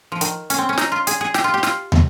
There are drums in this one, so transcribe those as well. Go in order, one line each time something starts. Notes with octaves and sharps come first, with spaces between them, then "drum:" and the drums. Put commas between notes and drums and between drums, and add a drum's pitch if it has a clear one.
F3
D#3, drum: hi-hat
C#4, drum: hi-hat
C4
C#4
D#4, drum: snare
F4
G#4, drum: hi-hat
G#4
G4, drum: snare
F4
G4
F4, drum: snare
drum: tom